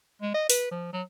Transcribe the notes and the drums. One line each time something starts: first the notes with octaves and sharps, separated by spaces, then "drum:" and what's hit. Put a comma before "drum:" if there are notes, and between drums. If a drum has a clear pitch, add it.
G#3
D#5
B4, drum: open hi-hat
F3
F#3